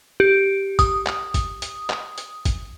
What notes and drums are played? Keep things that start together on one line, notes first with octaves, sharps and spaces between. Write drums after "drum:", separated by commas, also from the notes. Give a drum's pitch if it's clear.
G4
D#6, drum: kick, hi-hat
drum: clap
drum: kick, hi-hat
drum: hi-hat
drum: clap
drum: hi-hat
drum: kick, hi-hat